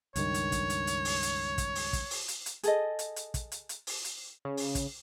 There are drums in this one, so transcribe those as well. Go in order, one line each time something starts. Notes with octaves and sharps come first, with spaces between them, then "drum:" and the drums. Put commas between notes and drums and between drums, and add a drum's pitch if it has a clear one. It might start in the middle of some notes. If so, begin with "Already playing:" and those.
C#2 G2 D#3 C#5, drum: hi-hat
drum: hi-hat
drum: kick, hi-hat
drum: hi-hat
drum: hi-hat
drum: open hi-hat
drum: hi-hat
drum: kick, hi-hat
drum: open hi-hat
drum: kick, hi-hat
drum: open hi-hat
drum: hi-hat
drum: hi-hat
G#4 A4 D#5, drum: hi-hat
drum: hi-hat
drum: hi-hat
drum: kick, hi-hat
drum: hi-hat
drum: hi-hat
drum: open hi-hat
drum: hi-hat
C#3
drum: open hi-hat
drum: kick, hi-hat